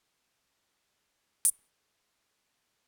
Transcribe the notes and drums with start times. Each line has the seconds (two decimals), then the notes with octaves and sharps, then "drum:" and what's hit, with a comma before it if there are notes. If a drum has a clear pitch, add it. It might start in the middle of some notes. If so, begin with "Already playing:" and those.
0.01 G5
0.72 G#4
1.45 drum: hi-hat